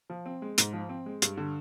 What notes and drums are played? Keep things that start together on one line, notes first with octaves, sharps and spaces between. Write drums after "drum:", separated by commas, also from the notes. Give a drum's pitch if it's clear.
F3
C4
G#3
G#2, drum: hi-hat
F3
C4
G#3
G2, drum: hi-hat
D3